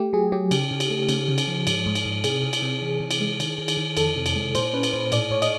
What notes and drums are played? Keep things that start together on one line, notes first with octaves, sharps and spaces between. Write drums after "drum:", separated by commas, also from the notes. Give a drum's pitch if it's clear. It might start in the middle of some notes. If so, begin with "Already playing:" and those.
Already playing: A3 G4
F#3 G#4
F#3 G4
C#3, drum: cymbal
C#3
drum: cymbal
A3
C#3, drum: cymbal
C#3
drum: cymbal
F3
G#2, drum: cymbal
G#2
drum: cymbal
G#2
C3 G#4, drum: cymbal
C3
drum: cymbal
C3
E3
C3
drum: cymbal
G#3
D#3, drum: cymbal
D#3
drum: cymbal
D#3
F2 A4, drum: cymbal
C3
drum: cymbal
G#3
A#2 C5, drum: cymbal
C#4 B4
drum: cymbal
A#2 C5
A2 D5, drum: cymbal
A2 C#5
D#5, drum: cymbal